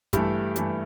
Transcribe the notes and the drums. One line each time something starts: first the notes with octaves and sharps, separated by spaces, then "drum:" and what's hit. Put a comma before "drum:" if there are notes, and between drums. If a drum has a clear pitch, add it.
G2 E3 A3 E4 G4, drum: kick, hi-hat
G2 E3 A3, drum: hi-hat